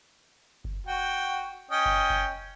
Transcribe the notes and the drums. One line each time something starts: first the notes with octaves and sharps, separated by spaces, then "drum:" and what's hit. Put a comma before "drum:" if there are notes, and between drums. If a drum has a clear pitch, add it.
drum: kick F#1
F#4 G5
C#4 D#5 G5
drum: kick F#1
drum: kick F#1